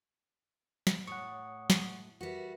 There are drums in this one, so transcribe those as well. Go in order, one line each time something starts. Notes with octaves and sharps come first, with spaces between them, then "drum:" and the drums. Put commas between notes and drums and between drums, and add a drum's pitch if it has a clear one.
drum: snare
A2 C#5 F#5 C#6 D#6
drum: snare
G3 F#4 A#4 B4 E5